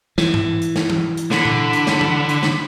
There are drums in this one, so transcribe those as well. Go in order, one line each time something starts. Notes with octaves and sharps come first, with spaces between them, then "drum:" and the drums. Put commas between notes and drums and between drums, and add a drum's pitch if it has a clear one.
E3, drum: snare
drum: tom G#2
drum: hi-hat
drum: snare
drum: tom E3
drum: hi-hat
D3 B5, drum: snare
drum: tom A#2
drum: hi-hat
drum: snare
drum: tom E3
drum: hi-hat
drum: snare